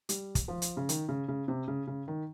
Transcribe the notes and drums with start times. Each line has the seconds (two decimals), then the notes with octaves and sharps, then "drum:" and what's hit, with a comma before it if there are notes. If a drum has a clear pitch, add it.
0.09 G3, drum: hi-hat
0.35 drum: kick, hi-hat
0.48 F3
0.62 drum: hi-hat
0.77 C#3
0.89 D#3, drum: hi-hat
1.09 C#3
1.28 C#3
1.48 C3
1.68 C#3
1.87 C#3
2.08 D#3